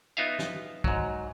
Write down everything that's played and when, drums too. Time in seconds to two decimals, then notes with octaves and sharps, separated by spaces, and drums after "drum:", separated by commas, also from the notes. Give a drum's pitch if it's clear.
0.17 B3 D#4 F4 E5 F5
0.39 drum: snare
0.84 G#2 F#3, drum: kick